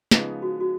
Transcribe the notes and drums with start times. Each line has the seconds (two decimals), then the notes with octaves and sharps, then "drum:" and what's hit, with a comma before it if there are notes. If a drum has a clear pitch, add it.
0.11 C#3 F3 G#3 B3 D#4 G#4, drum: snare
0.42 F#4
0.60 F#4